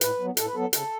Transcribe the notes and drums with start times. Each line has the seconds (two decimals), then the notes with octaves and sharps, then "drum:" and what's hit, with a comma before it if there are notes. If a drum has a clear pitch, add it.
0.01 A2 B4, drum: hi-hat
0.20 F#3 B3
0.37 A2 A4, drum: hi-hat
0.47 B4
0.55 F#3 B3 A4
0.73 C#3 A4, drum: hi-hat